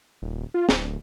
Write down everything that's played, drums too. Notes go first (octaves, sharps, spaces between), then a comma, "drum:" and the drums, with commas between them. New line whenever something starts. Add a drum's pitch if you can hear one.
D#1
F4
D1, drum: snare